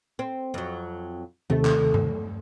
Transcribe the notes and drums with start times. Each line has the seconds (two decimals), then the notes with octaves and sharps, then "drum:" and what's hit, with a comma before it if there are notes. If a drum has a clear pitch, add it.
0.19 C4
0.54 F2 F#3
1.50 D#2 C3 D#3 A3
1.65 drum: clap
1.94 drum: tom G2